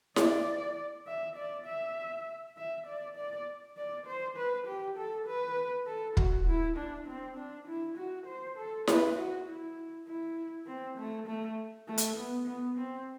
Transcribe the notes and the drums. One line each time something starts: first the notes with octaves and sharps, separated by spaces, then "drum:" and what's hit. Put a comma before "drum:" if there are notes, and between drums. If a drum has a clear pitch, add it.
D5, drum: snare E4
E5
D5
E5
E5
D5
D5
D5
C5
B4
G4
A4
B4
A4
F#4, drum: kick
E4
D4
C4
D4
E4
F#4
C5
A4
B4, drum: snare E4
F#4
E4
E4
C4
A3
A3
A3
drum: hi-hat
B3
B3
C4